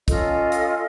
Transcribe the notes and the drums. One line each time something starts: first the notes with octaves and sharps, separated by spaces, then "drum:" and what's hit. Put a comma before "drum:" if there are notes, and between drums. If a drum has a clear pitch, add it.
C#4 F4 A4 D#5, drum: kick, hi-hat
drum: hi-hat